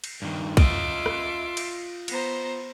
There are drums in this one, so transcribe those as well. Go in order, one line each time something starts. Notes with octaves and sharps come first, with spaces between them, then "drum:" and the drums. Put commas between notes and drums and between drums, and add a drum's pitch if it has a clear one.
drum: cymbal
G2 D#3
F4 D#5 E5 C6 D6, drum: kick, cymbal
drum: rim click
drum: cymbal
B3 C5 A#5, drum: cymbal